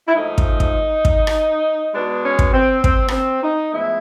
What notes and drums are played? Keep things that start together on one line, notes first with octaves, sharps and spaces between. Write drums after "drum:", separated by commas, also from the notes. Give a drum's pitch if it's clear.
E4
G#2 F3 A3 D#4
drum: kick
drum: kick
drum: kick
drum: rim click
B2 G#3 B3 D4
C#4
drum: kick
C4
C4, drum: kick
B3, drum: rim click
C4
D#4
A2 F3 G#3 B3 E4